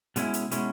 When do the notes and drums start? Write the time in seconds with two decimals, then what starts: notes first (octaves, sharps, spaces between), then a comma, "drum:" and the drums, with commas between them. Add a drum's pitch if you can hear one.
0.16 B2 G#3 C#4 E4, drum: hi-hat
0.34 drum: hi-hat
0.51 B2 G#3 C#4 E4, drum: hi-hat